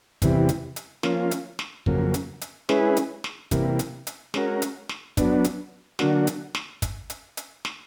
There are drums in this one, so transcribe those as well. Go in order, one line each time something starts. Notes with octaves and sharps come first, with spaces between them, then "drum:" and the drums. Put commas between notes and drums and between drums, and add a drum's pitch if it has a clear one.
E2 C3 E3 G3, drum: kick, hi-hat
drum: hi-hat
drum: hi-hat
F3 A#3 C#4 F4, drum: snare
drum: hi-hat
drum: snare
F2 C#3 F#3 A#3, drum: kick
drum: hi-hat
drum: hi-hat
G#3 C#4 E4 G#4 B4, drum: snare
drum: hi-hat
drum: snare
C3 E3 G3 A#3, drum: kick, hi-hat
drum: hi-hat
drum: hi-hat
G#3 C#4 F#4 A#4, drum: snare
drum: hi-hat
drum: snare
F#3 B3 D4, drum: kick, hi-hat
drum: hi-hat
D3 F#3 A#3 D4 F#4, drum: snare
drum: hi-hat
drum: snare
drum: kick, hi-hat
drum: hi-hat
drum: hi-hat
drum: snare